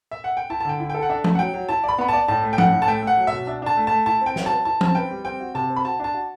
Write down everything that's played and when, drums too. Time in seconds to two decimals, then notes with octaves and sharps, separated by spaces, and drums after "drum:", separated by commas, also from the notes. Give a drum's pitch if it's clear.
0.11 E5
0.24 F#5
0.37 G5
0.50 E4 A5
0.60 A5
0.65 D3 G5
0.80 E4
0.90 A4 G5
1.02 F#5
1.09 D4 E5
1.24 A3, drum: tom F3
1.35 F#5
1.39 F#3 G5
1.54 F#3
1.69 E4 A5
1.84 D5 B5
1.98 B3 B5
2.09 D5 A5
2.28 A2 A5
2.43 A3
2.53 G5
2.58 A2 F#5, drum: tom F3
2.73 A2
2.82 A5
2.88 A3 G5
3.02 A3 F#5
3.17 F#3
3.27 E5
3.33 B2
3.47 D4
3.62 D4 A5
3.77 A3
3.87 A3 A5
4.06 E4 A5
4.21 C4
4.26 G5
4.36 F#3, drum: snare
4.46 B4 A5
4.65 E4 A5
4.81 C4 A5, drum: tom F3
4.95 B4 G5
5.11 G3
5.25 C4 G5
5.40 F#4
5.55 C3 A5
5.70 C4
5.76 B5
5.85 F#4 A5
6.00 D4 A5
6.14 F#4